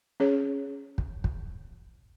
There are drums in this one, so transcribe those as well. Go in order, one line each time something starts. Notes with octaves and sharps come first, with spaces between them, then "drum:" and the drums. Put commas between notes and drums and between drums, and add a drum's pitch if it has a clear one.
C#4 G#4 C#5
drum: kick
drum: kick